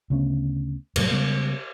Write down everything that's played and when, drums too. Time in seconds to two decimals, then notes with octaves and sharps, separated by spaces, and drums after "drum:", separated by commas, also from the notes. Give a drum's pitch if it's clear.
0.10 D2 C#3 B3 C#4
0.96 F1 A2 F#3 G3, drum: cymbal
1.11 C#3 G3 G#3 B3